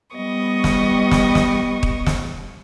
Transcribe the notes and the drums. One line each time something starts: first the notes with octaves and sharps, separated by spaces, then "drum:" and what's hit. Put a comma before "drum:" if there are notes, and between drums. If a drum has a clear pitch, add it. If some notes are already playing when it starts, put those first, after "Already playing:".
G3 B3 D#5 C#6
drum: snare
drum: snare
drum: snare
drum: kick D#1
drum: snare